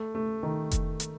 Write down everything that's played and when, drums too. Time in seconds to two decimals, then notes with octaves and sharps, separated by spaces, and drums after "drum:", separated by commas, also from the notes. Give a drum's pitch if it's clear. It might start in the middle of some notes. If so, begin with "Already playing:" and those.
Already playing: A3
0.15 A3
0.43 D#3
0.71 drum: kick F1, hi-hat
1.00 drum: hi-hat